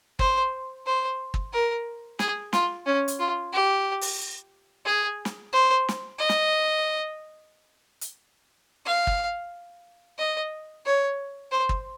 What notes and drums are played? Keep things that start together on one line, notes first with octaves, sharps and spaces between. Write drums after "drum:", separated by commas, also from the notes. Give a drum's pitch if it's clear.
C5, drum: kick
C5
drum: kick
A#4
G#4, drum: snare
F4, drum: snare
C#4
drum: hi-hat
F4
G4
drum: open hi-hat
G#4
drum: snare
C5
drum: snare
D#5
drum: snare
drum: hi-hat
F5
drum: kick
D#5
C#5
C5
drum: kick